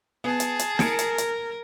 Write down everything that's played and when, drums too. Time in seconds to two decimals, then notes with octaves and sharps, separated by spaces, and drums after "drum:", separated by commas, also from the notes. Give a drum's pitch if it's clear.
0.24 B3 G#4 A5
0.40 drum: hi-hat
0.59 drum: hi-hat
0.79 A#4 G#6 C#7 D7, drum: snare
0.99 drum: hi-hat
1.18 drum: hi-hat